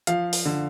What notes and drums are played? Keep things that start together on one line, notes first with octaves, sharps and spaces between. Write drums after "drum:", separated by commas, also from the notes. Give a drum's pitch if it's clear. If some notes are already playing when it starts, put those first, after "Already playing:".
F3 F5, drum: hi-hat
drum: open hi-hat
D3